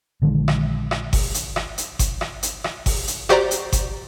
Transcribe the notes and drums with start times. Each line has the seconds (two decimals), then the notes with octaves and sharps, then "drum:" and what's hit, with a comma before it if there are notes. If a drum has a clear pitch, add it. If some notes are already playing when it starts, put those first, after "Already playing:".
0.22 A#1 D3 D#3 G#3
0.48 drum: rim click
0.91 drum: rim click
1.13 drum: kick G1, open hi-hat
1.34 drum: hi-hat
1.56 drum: rim click
1.78 drum: hi-hat
1.99 drum: kick G1, hi-hat
2.21 drum: rim click
2.43 drum: hi-hat
2.64 drum: rim click
2.86 drum: kick G1, open hi-hat
3.08 drum: hi-hat
3.29 F#4 G4 C5 D5 A#5, drum: rim click
3.51 drum: hi-hat
3.72 drum: kick G1, hi-hat